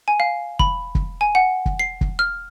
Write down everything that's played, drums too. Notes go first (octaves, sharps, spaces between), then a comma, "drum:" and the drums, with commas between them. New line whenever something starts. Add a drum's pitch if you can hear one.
G#5
F5
B5, drum: kick
drum: kick
G#5
F#5
drum: kick
C7
drum: kick
F6